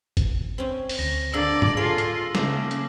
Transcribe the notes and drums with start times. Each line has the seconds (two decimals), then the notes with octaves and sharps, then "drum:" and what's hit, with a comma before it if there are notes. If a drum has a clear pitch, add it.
0.17 drum: kick G1, hi-hat
0.58 C4 C#4
0.89 drum: open hi-hat
0.99 D2 A#6
1.34 D3 A#3 G#4 D5 E6
1.62 drum: tom G#2
1.77 F4 G#4 A4 C#5
1.98 drum: hi-hat
2.35 C#3 A3 A#3 D6, drum: snare
2.71 drum: hi-hat